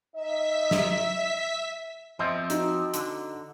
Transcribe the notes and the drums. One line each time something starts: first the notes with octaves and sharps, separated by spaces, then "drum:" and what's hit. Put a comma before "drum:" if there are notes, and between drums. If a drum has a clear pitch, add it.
D#4 D#5 E5 B6
drum: snare
F3 C4 D#5 E5 C6
D#4 F#4, drum: hi-hat
D3, drum: hi-hat